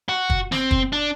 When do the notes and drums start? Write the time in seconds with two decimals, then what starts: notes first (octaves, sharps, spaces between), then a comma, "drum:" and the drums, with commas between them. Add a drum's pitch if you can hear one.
0.09 F#4
0.30 drum: kick
0.52 C4, drum: snare
0.71 drum: kick
0.93 D4